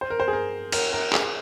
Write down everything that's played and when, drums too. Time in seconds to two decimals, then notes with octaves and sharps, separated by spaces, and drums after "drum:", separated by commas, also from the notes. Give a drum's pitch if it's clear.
0.01 C5
0.10 A#4
0.20 C5
0.28 G#4
0.33 A#4
0.72 A#4, drum: cymbal
0.93 A#4
1.13 G#4, drum: clap